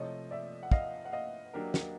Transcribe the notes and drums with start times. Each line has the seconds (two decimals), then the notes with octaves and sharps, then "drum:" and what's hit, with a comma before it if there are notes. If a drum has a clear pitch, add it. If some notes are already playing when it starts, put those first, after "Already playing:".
Already playing: C3 F3 A3 C#5 D#5
0.31 D5 E5
0.63 F#5
0.71 D#5 F5, drum: kick
1.05 F#5
1.12 D#5 F5
1.53 F#3 A#3 D4 G4 A#4
1.74 drum: snare